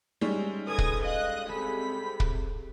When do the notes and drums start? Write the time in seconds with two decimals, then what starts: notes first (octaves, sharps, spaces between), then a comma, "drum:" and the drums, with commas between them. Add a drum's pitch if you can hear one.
0.21 G3 G#3 C#4 D#4 E5 E6
0.67 G#4 A4 B4 D#6 G#6 A#6
0.78 drum: kick
1.04 D#5 F5 D#6 F#6
1.49 C3 G#4 A4 B5 B6
2.20 drum: kick